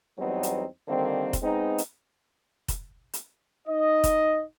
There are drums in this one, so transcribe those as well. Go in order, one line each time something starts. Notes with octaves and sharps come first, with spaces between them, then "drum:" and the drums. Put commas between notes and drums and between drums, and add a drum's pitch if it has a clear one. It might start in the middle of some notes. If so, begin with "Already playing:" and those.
E2 F#3 G3 B3 C4 D#4
drum: hi-hat
D3 D#3 G3 A#3 C4
drum: kick F1, hi-hat
G#3 B3 C4 D#4
drum: hi-hat
drum: kick F1, hi-hat
drum: hi-hat
D#4 D#5
drum: kick F1, hi-hat